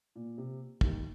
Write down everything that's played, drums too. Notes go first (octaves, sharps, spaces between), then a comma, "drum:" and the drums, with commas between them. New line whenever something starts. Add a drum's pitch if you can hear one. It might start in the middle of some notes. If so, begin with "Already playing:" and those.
A#2
C3
D#2 D#3, drum: kick